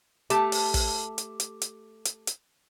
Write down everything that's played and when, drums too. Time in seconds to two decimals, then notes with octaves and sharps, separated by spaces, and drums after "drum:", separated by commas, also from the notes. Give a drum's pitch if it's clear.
0.30 A3 G4 A5, drum: hi-hat
0.52 drum: open hi-hat
0.74 drum: kick, open hi-hat
1.18 drum: hi-hat
1.40 drum: hi-hat
1.62 drum: hi-hat
2.05 drum: hi-hat
2.27 drum: hi-hat